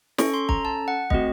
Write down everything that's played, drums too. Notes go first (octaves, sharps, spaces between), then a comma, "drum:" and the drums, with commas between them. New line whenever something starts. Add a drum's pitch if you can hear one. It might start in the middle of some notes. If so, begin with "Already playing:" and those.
C#4 A4 C#6, drum: snare
C6
A#5, drum: kick
A5
F#5
A3 C4 F#4 D#5, drum: kick